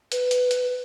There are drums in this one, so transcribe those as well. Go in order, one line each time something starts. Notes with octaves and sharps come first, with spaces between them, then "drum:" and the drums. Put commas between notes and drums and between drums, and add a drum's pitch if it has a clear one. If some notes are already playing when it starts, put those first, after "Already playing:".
B4, drum: hi-hat
drum: hi-hat
drum: hi-hat